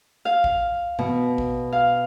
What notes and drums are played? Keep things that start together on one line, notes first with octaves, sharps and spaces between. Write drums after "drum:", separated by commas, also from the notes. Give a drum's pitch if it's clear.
F5
drum: kick
B2, drum: tom G2
drum: kick
F5